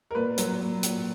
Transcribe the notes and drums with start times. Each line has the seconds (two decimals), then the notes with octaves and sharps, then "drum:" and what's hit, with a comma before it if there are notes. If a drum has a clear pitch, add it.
0.11 A#4
0.15 A#2 B4
0.38 F#3, drum: hi-hat
0.61 A#2
0.83 A#2, drum: hi-hat